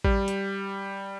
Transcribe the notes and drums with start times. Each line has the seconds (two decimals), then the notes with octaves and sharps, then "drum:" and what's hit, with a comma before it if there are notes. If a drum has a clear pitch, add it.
0.04 G3, drum: kick A1
0.28 drum: hi-hat